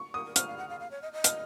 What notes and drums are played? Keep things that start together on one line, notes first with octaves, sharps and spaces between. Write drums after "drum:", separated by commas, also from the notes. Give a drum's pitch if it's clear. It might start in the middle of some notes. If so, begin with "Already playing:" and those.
Already playing: C#6
A#4 D#6
A#4
C5 F6, drum: hi-hat
F5
F#5
F5
F5
C#5
D#5
D#5
F6, drum: hi-hat